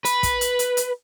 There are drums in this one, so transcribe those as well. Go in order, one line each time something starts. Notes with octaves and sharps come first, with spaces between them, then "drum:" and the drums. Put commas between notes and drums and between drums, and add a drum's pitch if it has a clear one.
B4, drum: hi-hat
drum: kick, hi-hat
drum: hi-hat
drum: hi-hat
drum: hi-hat